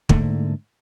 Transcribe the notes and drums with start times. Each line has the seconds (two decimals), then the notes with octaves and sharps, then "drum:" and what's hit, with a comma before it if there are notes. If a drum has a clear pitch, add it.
0.09 G#2 D3 A3 A#3, drum: kick